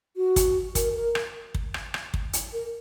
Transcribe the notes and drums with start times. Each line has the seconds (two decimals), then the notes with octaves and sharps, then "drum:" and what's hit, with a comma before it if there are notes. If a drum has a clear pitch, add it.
0.16 F#4
0.36 drum: kick, hi-hat
0.75 A#4, drum: kick, hi-hat
0.95 A#4
1.15 drum: rim click
1.55 drum: kick
1.74 drum: rim click
1.94 drum: rim click
2.14 drum: kick
2.33 drum: hi-hat
2.53 A#4